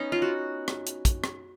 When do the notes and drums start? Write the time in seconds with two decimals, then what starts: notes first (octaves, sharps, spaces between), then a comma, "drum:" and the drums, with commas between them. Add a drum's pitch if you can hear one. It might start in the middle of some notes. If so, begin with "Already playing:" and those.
Already playing: B3 C#4 D#4
0.12 F4
0.22 F#4
0.68 drum: rim click
0.86 drum: hi-hat
1.05 drum: kick, hi-hat
1.24 drum: rim click